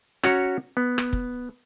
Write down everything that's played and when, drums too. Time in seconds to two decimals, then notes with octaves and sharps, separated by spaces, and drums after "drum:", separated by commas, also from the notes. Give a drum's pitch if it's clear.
0.23 C#4 F#4 C#5 A#5, drum: rim click
0.77 B3
0.98 drum: rim click
1.13 drum: kick